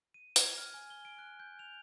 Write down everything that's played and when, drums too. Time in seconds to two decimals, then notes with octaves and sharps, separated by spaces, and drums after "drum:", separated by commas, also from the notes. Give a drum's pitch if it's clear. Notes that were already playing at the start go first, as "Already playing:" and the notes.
0.14 D#7
0.36 G#6, drum: hi-hat
0.58 F6
0.74 G#5
0.90 G7
1.05 D7
1.18 F#6
1.40 G6
1.59 F7